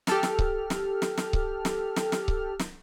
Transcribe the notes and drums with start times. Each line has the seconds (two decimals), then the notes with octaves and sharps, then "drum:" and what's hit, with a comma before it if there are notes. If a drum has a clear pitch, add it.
0.07 G4 A4 F6, drum: snare
0.23 drum: snare
0.39 drum: kick C#1
0.70 drum: snare
1.02 drum: snare
1.17 drum: snare
1.33 drum: kick C#1
1.65 drum: snare
1.96 drum: snare
2.12 drum: snare
2.28 drum: kick C#1
2.59 drum: snare